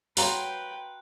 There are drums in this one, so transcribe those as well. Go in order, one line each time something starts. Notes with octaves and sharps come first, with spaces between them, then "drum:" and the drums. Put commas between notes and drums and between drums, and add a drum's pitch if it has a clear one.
F#4 B4 C#5 F5 G5 A#5 C6 F#6, drum: open hi-hat